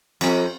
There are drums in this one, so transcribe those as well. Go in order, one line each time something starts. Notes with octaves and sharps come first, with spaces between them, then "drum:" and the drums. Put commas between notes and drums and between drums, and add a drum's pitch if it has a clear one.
F2, drum: cymbal